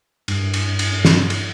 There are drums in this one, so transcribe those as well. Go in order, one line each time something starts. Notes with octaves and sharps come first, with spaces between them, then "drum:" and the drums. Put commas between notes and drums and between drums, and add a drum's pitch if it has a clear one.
G2, drum: cymbal
drum: cymbal
drum: cymbal
drum: snare
drum: cymbal